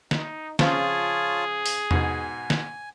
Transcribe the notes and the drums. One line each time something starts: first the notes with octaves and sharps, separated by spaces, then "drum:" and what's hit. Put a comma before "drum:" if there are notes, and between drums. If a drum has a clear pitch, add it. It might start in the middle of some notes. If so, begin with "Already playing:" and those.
D#4, drum: snare
C#3 F3 C4 F4 G#4 C#5 A5, drum: snare
drum: open hi-hat
G#2 B2 G#5, drum: tom E2
drum: snare